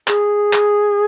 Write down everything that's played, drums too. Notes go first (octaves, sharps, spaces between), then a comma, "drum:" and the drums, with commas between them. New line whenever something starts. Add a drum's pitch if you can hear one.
G#4, drum: clap
drum: clap